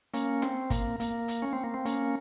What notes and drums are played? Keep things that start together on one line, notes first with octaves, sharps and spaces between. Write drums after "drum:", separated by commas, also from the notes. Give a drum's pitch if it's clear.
A#3 C#4, drum: hi-hat
C4, drum: snare
A#3, drum: kick, hi-hat
A#3, drum: hi-hat
drum: hi-hat
C#4
C4
A#3
C4
A#3 C#4, drum: hi-hat